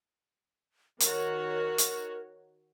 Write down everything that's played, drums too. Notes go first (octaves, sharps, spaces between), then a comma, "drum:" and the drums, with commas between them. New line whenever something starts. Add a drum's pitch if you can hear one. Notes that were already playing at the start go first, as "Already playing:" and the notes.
D#3 F#4 A#4 C#5, drum: hi-hat
drum: hi-hat